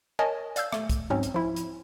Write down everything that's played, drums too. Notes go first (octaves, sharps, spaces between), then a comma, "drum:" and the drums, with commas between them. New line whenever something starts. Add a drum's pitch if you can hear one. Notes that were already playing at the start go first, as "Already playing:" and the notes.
A#4 C#5 D#5 G#5 A5
D5 F5 E6 G6, drum: hi-hat
A3, drum: rim click
drum: kick C2, hi-hat
G#2 F#3 C4 C#4
drum: hi-hat
F3 E4
drum: hi-hat